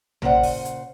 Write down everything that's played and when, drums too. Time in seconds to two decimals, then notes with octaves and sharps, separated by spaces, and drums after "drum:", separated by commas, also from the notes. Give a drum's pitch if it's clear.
0.22 A#2 C#3 C5 F#5, drum: tom A#1
0.43 drum: kick F#1, open hi-hat
0.65 drum: hi-hat